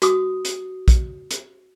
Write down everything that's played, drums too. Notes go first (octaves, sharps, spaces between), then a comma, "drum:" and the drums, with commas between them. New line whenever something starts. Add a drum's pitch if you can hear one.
F#4 D#6, drum: hi-hat
drum: hi-hat
drum: kick, hi-hat
drum: hi-hat